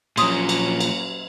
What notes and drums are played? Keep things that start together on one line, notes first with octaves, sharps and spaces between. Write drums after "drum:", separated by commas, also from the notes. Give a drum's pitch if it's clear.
A#2 F3 F#3 A#3 C#4 C6 D#6, drum: cymbal
drum: cymbal
drum: cymbal